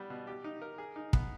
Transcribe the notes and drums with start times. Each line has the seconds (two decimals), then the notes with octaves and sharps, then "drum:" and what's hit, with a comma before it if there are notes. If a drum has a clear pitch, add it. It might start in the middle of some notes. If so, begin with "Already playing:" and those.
Already playing: G3 B3
0.10 B2
0.27 G4
0.44 D#4
0.62 A#4
0.78 G#4
0.96 D#4
1.13 B3, drum: kick